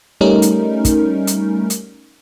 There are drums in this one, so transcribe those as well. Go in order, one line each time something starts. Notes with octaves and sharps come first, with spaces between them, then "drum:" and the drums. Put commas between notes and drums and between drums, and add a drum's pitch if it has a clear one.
G3 A3 C#4 D#4 A#4
drum: hi-hat
drum: kick, hi-hat
drum: hi-hat
drum: hi-hat